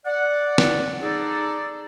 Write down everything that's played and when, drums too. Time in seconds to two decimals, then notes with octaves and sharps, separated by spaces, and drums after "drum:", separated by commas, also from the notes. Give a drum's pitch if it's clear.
0.05 D5 F#5
0.58 drum: snare
1.02 D#4 G#4 A4 D5